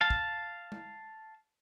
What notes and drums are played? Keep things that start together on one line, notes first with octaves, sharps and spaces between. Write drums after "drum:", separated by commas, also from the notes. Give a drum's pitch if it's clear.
F5 A5
drum: kick
drum: tom G#3